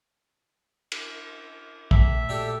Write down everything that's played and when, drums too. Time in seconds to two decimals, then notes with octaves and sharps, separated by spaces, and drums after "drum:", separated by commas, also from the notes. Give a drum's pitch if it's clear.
0.92 drum: cymbal
1.91 A#2 A3 E5 G5, drum: kick
2.29 A#2 D4 F#4 G4 A4